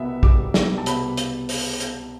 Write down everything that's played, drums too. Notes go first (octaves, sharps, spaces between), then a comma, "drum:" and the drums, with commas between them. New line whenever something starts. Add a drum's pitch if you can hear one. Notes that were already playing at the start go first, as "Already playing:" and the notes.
Already playing: C2 B2 G3 B3 E5
C2 B2 G3 B3 D6, drum: kick
C2 B2 G3 B3, drum: snare
A5
C2 B2 G3 B3 B5, drum: hi-hat
drum: hi-hat
drum: open hi-hat
drum: hi-hat